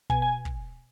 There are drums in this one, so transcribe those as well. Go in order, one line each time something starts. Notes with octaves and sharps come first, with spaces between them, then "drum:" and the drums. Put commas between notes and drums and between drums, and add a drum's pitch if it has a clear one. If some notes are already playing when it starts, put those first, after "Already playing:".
B2 G#5, drum: kick
G#5
drum: kick